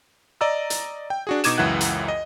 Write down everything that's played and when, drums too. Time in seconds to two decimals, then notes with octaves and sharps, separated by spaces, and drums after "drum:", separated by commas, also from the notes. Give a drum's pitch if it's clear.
0.41 D5 D#5 A#5 E6
0.70 drum: hi-hat
1.10 G5
1.27 D4 F#4 G#4
1.44 B2 D#4 D6 G#6 D#7 E7, drum: hi-hat
1.58 C#2 F#2 E3 E5 F#5 F#6
1.81 drum: hi-hat
2.08 D#5